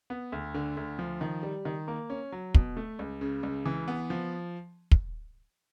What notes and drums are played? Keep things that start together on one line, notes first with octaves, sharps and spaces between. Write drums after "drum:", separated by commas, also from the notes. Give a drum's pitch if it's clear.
B3
D2
D3
D2
F3
D#3
G3
D#3
A#3
C#4
F#3
B2, drum: kick
A3
C#2
C#3
C#2
E3
B3
F3
drum: kick